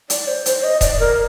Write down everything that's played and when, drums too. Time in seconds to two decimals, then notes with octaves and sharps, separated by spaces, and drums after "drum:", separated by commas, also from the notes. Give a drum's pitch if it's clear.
0.10 D5, drum: hi-hat
0.28 C5
0.46 C5, drum: hi-hat
0.63 D#5
0.81 D5, drum: kick D#1, hi-hat
0.99 A#4